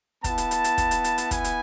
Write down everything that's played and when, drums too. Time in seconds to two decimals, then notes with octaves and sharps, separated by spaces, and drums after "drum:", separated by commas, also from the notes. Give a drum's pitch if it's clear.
0.24 B3 E4 A5, drum: kick, hi-hat
0.38 drum: hi-hat
0.51 drum: hi-hat
0.64 drum: hi-hat
0.78 drum: kick, hi-hat
0.91 drum: hi-hat
1.04 drum: hi-hat
1.18 drum: hi-hat
1.31 G#5, drum: kick, hi-hat
1.44 drum: hi-hat